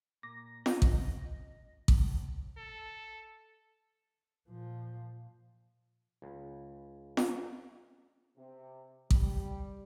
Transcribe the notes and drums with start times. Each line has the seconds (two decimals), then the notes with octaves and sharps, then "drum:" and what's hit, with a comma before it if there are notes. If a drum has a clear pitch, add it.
0.23 A#2 D6 A#6
0.66 C5 D#5 G6, drum: snare F4
0.82 drum: kick A1
1.88 drum: kick A1
2.57 A4
4.48 A#2 F3
6.22 C#2
7.17 drum: snare F4
8.37 C3
9.10 G3, drum: kick A1